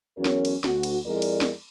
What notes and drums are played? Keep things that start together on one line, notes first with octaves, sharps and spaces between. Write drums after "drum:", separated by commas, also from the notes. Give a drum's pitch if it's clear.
E2 F#3 C#4 F#4 A#4 C#5
drum: snare
drum: cymbal
D2 F#4, drum: snare
drum: cymbal
F2 G#3 E4 A#4 D5
drum: cymbal
drum: snare